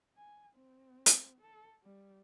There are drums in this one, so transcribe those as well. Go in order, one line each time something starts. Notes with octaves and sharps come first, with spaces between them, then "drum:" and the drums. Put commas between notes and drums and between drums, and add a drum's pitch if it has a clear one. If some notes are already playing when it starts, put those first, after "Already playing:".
G#5
C4
drum: hi-hat
A4
G3